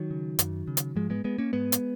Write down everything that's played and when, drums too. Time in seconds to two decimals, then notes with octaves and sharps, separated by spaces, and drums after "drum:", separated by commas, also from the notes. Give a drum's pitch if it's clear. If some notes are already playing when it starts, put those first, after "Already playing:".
Already playing: D#3 F#3
0.11 C#3
0.39 F#2, drum: hi-hat
0.68 C#3
0.77 drum: hi-hat
0.96 G#2 F3 G#3
1.10 G#3 B3
1.24 G#3 B3
1.38 A#3 C#4
1.53 G#2 G#3 B3
1.72 drum: hi-hat